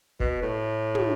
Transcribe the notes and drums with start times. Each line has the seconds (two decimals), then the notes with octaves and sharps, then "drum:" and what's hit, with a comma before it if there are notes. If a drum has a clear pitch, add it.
0.20 B2, drum: kick F1
0.42 A2
0.95 drum: tom